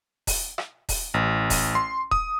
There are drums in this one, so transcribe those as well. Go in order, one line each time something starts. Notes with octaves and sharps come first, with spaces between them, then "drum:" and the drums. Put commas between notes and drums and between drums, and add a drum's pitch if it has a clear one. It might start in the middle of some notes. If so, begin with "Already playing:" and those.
drum: kick D#1, open hi-hat
drum: rim click
drum: kick D#1, open hi-hat
A1
drum: kick D#1, open hi-hat
C6
D#6, drum: kick D#1